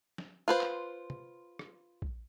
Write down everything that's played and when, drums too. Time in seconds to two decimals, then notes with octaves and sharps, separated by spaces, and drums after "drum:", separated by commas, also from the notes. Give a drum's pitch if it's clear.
0.18 drum: snare
0.48 F4 B4 C5
0.61 drum: clap
1.10 drum: tom
1.59 drum: rim click
2.02 drum: kick